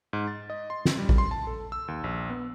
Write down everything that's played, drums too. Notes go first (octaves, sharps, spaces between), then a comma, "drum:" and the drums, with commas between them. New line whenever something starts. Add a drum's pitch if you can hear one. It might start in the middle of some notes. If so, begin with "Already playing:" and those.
G#2
A6
D#5
C6
drum: snare
G3
drum: kick A1
C6
A5
A4
E6
D#2
A#1
B3